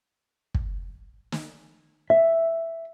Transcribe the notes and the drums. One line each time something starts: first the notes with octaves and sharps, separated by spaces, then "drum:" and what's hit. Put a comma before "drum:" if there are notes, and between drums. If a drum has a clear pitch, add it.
drum: kick
drum: snare
E5